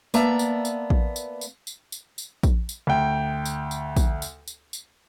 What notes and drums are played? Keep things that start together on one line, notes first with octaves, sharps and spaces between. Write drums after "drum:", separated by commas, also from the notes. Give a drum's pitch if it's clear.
A#3 B3 D5 E5 A5 A#5, drum: tambourine
drum: tambourine
drum: tambourine
drum: kick A#1
drum: tambourine
drum: tambourine
drum: tambourine
drum: tambourine
drum: tambourine
drum: kick A#1, tambourine
drum: tambourine
D2 G5
drum: tambourine
drum: tambourine
drum: kick A#1, tambourine
drum: tambourine
drum: tambourine
drum: tambourine